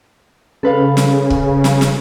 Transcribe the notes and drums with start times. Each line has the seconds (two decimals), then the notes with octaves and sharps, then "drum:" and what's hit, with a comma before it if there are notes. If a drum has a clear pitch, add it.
0.63 C#3 A4 B4 F5
0.97 drum: snare
1.30 drum: kick
1.64 drum: snare
1.81 drum: snare